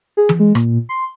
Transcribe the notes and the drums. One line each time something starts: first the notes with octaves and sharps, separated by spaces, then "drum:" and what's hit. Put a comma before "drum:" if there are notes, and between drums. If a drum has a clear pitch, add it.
G#4
drum: tom E3
G#3
A#2, drum: rim click
C6